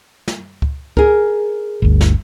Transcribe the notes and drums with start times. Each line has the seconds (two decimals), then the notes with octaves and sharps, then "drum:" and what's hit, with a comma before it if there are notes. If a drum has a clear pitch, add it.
0.28 drum: snare
0.62 drum: kick C#2
0.97 G#4 A#4, drum: kick C#2
1.82 G1 D2
2.01 drum: snare